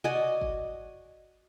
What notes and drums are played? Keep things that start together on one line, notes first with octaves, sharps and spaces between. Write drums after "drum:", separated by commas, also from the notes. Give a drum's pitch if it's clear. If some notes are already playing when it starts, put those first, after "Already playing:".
F#4 D5 D#5 G#5, drum: tom B2
drum: kick G1